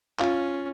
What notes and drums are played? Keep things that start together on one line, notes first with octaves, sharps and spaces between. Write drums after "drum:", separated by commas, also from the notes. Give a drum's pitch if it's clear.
C#4 F4, drum: clap